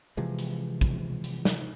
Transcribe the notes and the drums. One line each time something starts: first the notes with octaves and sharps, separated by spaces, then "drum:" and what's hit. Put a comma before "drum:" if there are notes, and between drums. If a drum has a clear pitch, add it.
C3 E3 F3 G#3
drum: hi-hat
drum: kick, hi-hat
drum: hi-hat
drum: snare